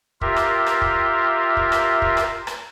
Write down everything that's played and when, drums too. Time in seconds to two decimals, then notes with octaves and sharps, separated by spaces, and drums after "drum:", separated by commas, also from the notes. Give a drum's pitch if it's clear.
0.21 F4 G4 A#4 E5, drum: kick
0.36 drum: rim click
0.66 drum: rim click
0.82 drum: kick
1.57 drum: kick
1.72 drum: rim click
2.02 drum: kick
2.17 drum: rim click
2.47 drum: rim click